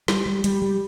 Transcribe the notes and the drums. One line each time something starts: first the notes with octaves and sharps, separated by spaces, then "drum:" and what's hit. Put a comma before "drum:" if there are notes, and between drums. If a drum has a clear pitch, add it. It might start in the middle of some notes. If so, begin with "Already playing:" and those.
G3, drum: snare
G3
G3, drum: hi-hat
G3